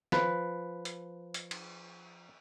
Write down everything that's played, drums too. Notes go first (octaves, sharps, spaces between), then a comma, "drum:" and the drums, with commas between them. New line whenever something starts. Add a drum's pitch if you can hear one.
F3 B4, drum: snare
drum: hi-hat
drum: hi-hat
drum: cymbal